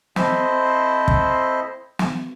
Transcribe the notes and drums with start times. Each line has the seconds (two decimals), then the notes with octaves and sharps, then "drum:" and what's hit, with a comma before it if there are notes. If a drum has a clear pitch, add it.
0.16 C4 E4 A4 C5 D#5 E5, drum: snare
1.08 drum: kick
1.99 drum: snare